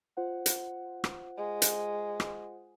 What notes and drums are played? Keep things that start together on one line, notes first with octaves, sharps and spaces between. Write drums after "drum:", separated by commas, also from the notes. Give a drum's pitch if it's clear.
F4 C5 F#5
drum: hi-hat
drum: rim click
G#3
drum: hi-hat
drum: rim click